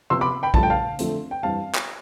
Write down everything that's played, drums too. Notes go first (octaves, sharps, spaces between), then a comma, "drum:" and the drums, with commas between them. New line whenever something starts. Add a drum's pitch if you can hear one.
C3 F3 B3 C6 E6
B5 D6
G5 B5
G2 F3 A3 A5, drum: kick A#1
G5
F5 A5
D3 F3 A3 C4, drum: hi-hat
G5
G2 E3 G3 C4 F5 A5
drum: clap